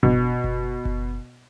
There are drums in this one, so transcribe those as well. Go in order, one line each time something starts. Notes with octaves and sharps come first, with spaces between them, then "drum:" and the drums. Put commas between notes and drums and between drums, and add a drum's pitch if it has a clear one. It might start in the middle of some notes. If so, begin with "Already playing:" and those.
B2, drum: kick F#1
drum: kick F#1
drum: kick F#1